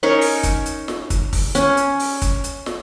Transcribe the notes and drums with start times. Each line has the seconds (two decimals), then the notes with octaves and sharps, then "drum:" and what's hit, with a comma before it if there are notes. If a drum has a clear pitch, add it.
0.03 C#4 D#4 A#4 C#5
0.21 drum: open hi-hat
0.44 drum: kick, hi-hat
0.66 drum: hi-hat
0.88 drum: snare
1.10 drum: kick, hi-hat
1.33 drum: kick, open hi-hat
1.55 C#4, drum: hi-hat
1.77 drum: hi-hat
1.99 drum: open hi-hat
2.22 drum: kick, hi-hat
2.44 drum: hi-hat
2.66 drum: snare